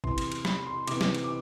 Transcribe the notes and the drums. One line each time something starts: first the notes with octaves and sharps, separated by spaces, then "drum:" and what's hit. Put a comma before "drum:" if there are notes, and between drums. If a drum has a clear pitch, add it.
E2 C3 E3 C6, drum: kick
drum: cymbal
drum: cymbal
B5, drum: snare
C6
C3 E3 B3 D6, drum: cymbal
drum: snare
drum: cymbal
D6